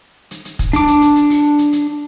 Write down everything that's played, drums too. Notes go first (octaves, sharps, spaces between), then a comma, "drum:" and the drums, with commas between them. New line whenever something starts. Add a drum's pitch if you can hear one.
drum: hi-hat
drum: hi-hat
drum: kick, hi-hat
D4 D6, drum: hi-hat
drum: hi-hat
drum: hi-hat
drum: hi-hat
drum: open hi-hat
drum: hi-hat
drum: hi-hat